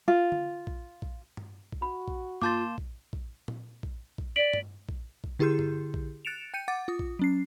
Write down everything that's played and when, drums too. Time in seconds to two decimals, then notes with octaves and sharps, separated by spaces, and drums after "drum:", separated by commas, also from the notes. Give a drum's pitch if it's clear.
0.08 F4
0.32 drum: tom D3
0.67 drum: kick
1.02 drum: kick
1.37 drum: tom G2
1.72 drum: kick
1.82 F#4 B5
2.08 drum: kick
2.42 A#3 F4 A5 C6 D6 G6 A6, drum: tom G2
2.78 drum: kick
3.13 drum: kick
3.48 drum: tom A#2
3.83 drum: kick
4.18 drum: kick
4.36 D5 B6 D7 F#7
4.53 drum: tom G2
4.89 drum: kick
5.24 drum: kick
5.39 D3 E4 G4 G#4 C6 G6
5.59 drum: tom G2
5.94 drum: kick
6.25 F#6 A6 C#7 D7 E7 F7
6.54 G5 G6 C#7 D#7
6.68 F#5 D6 A6
6.88 F4 D#6
6.99 drum: kick
7.19 F#3 C#4 C7